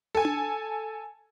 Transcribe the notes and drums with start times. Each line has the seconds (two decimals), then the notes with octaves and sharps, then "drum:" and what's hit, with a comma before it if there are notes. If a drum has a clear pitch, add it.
0.15 A4 G#5
0.25 drum: tom D4